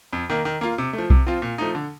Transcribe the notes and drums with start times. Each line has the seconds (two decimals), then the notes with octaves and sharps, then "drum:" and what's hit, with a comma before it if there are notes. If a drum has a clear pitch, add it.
0.13 F2
0.30 D#3 A#3
0.45 D#3
0.61 A#3 F4
0.78 C3
0.93 A3
0.98 F3
1.10 C3, drum: kick B1
1.27 F3 C4 F4
1.42 A#2
1.58 F3 A3 D#4
1.75 D3